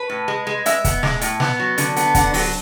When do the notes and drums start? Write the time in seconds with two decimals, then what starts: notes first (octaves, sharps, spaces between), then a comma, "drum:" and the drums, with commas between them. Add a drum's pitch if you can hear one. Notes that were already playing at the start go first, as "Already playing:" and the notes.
Already playing: B4
0.10 A2
0.28 G#3
0.47 G#3
0.66 G#3 E5, drum: hi-hat
0.85 B3, drum: kick, hi-hat
1.03 G#3, drum: snare
1.21 A2, drum: hi-hat
1.40 B3, drum: snare
1.59 F#3
1.78 D3, drum: hi-hat
1.96 B3, drum: hi-hat
2.15 D3 F#5, drum: kick, hi-hat
2.34 F#3, drum: open hi-hat